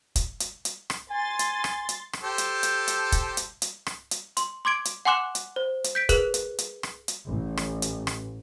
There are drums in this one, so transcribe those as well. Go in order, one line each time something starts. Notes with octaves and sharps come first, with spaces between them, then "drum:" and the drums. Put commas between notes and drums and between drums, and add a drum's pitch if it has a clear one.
drum: kick, hi-hat
drum: hi-hat
drum: hi-hat
drum: rim click
G#5 C6 A6
drum: hi-hat
drum: rim click
drum: hi-hat
drum: rim click
G4 A4 C5
drum: hi-hat
drum: hi-hat
drum: hi-hat
drum: kick, hi-hat
drum: hi-hat
drum: hi-hat
drum: rim click
drum: hi-hat
C6, drum: hi-hat
C6 D6 G#6 D7
drum: hi-hat
F#5 G#5 C6 D6 F#6 E7
drum: hi-hat
C5
drum: hi-hat
G6 B6 D7
G#4 A#4 B4 F#6, drum: kick, hi-hat
drum: hi-hat
drum: hi-hat
drum: rim click
drum: hi-hat
A1
drum: rim click
drum: hi-hat
drum: rim click